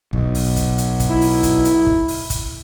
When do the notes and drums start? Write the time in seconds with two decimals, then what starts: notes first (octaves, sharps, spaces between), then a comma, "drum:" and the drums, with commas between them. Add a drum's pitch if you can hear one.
0.13 B1, drum: kick
0.35 drum: open hi-hat
0.56 drum: kick, hi-hat
0.78 drum: hi-hat
1.00 drum: kick, hi-hat
1.10 E4
1.21 drum: open hi-hat
1.43 drum: kick, hi-hat
1.65 drum: hi-hat
1.87 drum: kick
2.08 drum: open hi-hat
2.30 drum: kick, hi-hat